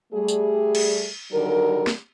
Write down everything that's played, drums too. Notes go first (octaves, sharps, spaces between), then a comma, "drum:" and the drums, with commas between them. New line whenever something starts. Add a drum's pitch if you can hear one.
G3 A3 G#4
drum: tambourine
drum: cymbal
D3 D#3 F#3 G3 A#4
drum: snare